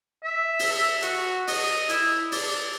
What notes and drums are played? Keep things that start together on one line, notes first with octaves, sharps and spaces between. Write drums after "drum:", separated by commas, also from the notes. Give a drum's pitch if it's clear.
E5
drum: open hi-hat
E5
F#4, drum: hi-hat
D#5, drum: open hi-hat
E4, drum: hi-hat
D5, drum: open hi-hat